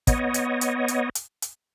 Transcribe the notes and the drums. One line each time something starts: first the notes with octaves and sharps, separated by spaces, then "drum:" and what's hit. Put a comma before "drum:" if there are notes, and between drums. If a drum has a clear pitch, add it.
B3 C#5 D#5, drum: kick, hi-hat
drum: hi-hat
drum: hi-hat
drum: hi-hat
drum: hi-hat
drum: hi-hat